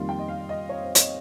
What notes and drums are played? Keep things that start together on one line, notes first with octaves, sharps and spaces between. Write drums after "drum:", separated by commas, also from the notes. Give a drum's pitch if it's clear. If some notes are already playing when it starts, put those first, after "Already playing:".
Already playing: F2 D#3 G3 A#3 C6
G5
D#5
F5
D#5
C#5
C5
C#5, drum: hi-hat